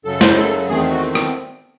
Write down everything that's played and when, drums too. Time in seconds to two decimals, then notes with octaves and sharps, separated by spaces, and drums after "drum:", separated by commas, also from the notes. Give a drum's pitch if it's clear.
0.05 F#2 C#3 F#3 A4
0.21 C5, drum: snare
0.37 A4
0.69 E2 D#3 A3 C4 G#4
0.91 F#4
1.15 drum: rim click